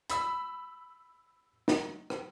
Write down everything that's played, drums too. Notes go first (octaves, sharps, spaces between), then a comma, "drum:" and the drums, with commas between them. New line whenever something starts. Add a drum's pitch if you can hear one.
B5 E6, drum: hi-hat
drum: snare
drum: rim click